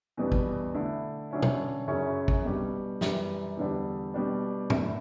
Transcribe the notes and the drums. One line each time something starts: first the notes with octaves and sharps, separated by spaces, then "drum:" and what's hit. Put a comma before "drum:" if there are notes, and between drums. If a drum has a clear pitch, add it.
E2 B2 G3 B3 D4
drum: kick
D3 A3 E4
D3 F#3 C#4 E4
drum: tom
F#2 C#3 F#3 C#4 E4
drum: kick
B2 G3 D4
F#2 E3 G3, drum: snare
E2 D3 G3
B2 G3 D4
F#2 D3 A3 E4, drum: tom